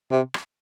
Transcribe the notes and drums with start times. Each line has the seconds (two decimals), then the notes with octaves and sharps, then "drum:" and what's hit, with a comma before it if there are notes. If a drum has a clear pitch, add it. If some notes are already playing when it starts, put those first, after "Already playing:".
0.11 C3
0.34 drum: rim click